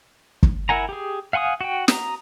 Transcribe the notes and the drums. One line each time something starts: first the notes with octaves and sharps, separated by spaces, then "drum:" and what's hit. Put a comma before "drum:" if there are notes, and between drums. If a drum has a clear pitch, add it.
drum: kick
E4 A#4 F#5 G#5 A#5
G4 G#4
F5 F#5 G#5 C6 D#6
F#4 G5
A#5 D#6, drum: snare